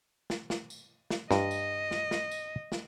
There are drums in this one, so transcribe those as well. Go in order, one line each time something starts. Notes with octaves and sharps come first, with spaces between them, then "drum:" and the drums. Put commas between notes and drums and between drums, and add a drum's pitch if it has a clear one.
drum: snare
drum: snare
drum: tambourine
drum: snare
G2 D#5, drum: snare
drum: tambourine
drum: snare
drum: snare
drum: tambourine
drum: snare